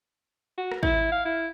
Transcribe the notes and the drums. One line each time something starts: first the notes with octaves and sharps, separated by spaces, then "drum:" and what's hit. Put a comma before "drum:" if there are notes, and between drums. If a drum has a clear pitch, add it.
F#4
drum: rim click
E4, drum: kick
F5
E4